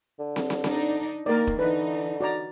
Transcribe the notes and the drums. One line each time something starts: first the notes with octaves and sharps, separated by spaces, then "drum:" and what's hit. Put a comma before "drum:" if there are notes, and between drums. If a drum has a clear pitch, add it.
D3
drum: snare
drum: snare
D4 D#4, drum: snare
D#3 A#3 A#4 D5
drum: kick
D3 E3 D#4 B4
F#4 D5 A#5